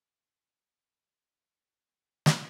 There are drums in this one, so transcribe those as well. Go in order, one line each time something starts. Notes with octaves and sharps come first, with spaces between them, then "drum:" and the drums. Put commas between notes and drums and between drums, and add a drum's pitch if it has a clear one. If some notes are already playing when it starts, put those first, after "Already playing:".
Already playing: G#2 D#3 G#3
D#4
F#4
D4 F4
G#4
D#4 F#4
D4 F4
D4
drum: snare